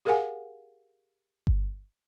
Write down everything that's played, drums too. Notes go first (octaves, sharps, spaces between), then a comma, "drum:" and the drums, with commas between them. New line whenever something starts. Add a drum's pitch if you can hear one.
G4 G#4 A#4 F5 F#5 G#5
drum: kick G1